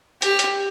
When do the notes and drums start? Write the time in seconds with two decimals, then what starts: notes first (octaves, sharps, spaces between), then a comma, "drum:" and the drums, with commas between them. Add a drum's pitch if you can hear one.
0.22 G4, drum: hi-hat
0.39 drum: hi-hat